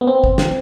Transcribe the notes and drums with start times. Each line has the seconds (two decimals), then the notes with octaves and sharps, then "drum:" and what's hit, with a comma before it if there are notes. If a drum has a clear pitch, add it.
0.01 B3
0.07 C4
0.24 drum: kick
0.38 drum: snare